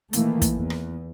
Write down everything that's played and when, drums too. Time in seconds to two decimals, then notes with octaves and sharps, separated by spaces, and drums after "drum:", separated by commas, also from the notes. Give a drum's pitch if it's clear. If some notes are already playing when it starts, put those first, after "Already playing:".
0.13 D#3 E3 A3 A#3, drum: hi-hat
0.42 drum: kick, hi-hat
0.53 E2
0.70 drum: rim click